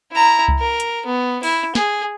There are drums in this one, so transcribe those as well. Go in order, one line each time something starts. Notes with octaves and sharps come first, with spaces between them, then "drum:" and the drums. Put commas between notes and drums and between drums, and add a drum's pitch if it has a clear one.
E4 A#5
drum: kick C2
A#4
drum: hi-hat
B3
E4, drum: open hi-hat
G#4, drum: snare